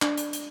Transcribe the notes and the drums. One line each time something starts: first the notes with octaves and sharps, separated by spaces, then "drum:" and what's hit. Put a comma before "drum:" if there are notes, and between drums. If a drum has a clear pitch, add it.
D4, drum: clap
drum: hi-hat
drum: hi-hat